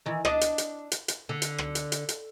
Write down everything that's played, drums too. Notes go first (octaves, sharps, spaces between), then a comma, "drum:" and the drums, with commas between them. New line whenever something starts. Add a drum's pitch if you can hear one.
D#3 E3
D4 D#5, drum: rim click
drum: hi-hat
drum: hi-hat
drum: hi-hat
drum: hi-hat
D3
drum: hi-hat
drum: rim click
drum: hi-hat
drum: hi-hat
drum: hi-hat